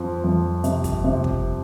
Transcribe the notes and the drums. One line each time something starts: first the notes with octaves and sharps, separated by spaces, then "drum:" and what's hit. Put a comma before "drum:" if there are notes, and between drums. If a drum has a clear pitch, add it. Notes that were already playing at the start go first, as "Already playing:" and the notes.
Already playing: F2 F3
F2
C3, drum: hi-hat
drum: kick, hi-hat
C3
drum: kick